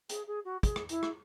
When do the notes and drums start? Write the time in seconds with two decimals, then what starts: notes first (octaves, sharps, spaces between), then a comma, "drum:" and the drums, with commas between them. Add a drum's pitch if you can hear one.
0.09 G#4, drum: hi-hat
0.27 G#4
0.44 F#4
0.63 G#4, drum: kick, hi-hat
0.76 drum: rim click
0.89 E4, drum: hi-hat
1.03 drum: rim click